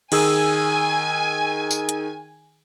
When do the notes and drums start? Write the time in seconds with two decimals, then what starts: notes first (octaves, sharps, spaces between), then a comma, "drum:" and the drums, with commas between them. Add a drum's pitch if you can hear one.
0.12 D#3 G#4 G#5 E6, drum: cymbal
1.71 drum: tambourine
1.89 drum: hi-hat